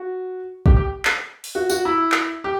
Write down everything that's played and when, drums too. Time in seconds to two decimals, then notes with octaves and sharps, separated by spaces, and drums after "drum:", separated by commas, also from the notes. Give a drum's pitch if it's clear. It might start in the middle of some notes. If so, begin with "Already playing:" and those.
Already playing: F#4
0.66 G4, drum: kick
0.76 G4
1.05 drum: clap
1.44 drum: open hi-hat
1.55 F#4
1.69 F#4, drum: tambourine
1.85 E4
2.12 drum: clap
2.44 G4